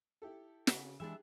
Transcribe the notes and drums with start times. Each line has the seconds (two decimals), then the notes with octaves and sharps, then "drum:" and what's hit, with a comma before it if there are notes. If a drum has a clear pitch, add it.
0.22 E4 G4 A4
0.67 C#3, drum: snare
1.00 E3 G#3 D4 G4 G#4 E5